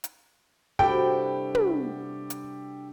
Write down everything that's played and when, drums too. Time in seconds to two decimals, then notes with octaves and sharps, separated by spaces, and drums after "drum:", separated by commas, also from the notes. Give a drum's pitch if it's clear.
0.04 drum: hi-hat
0.79 G2 C3 E4 F#4 G4 A4 G5, drum: kick
1.55 drum: tom
2.30 drum: hi-hat